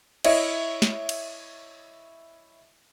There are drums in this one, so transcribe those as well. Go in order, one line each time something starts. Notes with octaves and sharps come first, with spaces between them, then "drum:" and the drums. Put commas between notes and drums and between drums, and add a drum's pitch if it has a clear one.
E4 C#5 D#5 E5, drum: cymbal
drum: snare
drum: cymbal